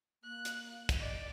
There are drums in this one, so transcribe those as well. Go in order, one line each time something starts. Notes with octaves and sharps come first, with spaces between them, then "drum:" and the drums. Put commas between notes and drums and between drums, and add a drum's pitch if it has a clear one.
A#3 F#6
drum: hi-hat
drum: kick, hi-hat
D5 D#5